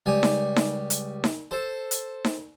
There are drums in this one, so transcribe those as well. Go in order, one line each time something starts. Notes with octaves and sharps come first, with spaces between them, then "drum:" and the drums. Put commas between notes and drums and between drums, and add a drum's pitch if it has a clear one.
C#2 G3 G#5
drum: snare D#4
drum: snare D#4
drum: hi-hat
drum: snare D#4
A4 C5
drum: hi-hat
drum: snare D#4